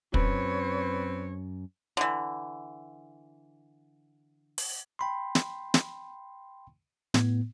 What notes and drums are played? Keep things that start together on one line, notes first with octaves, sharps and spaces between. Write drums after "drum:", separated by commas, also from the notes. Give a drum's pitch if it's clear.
F#2 C4 B4 C#5, drum: kick
D3 E3
drum: open hi-hat
G5 B5 C6
drum: snare
drum: snare
A2 B3, drum: snare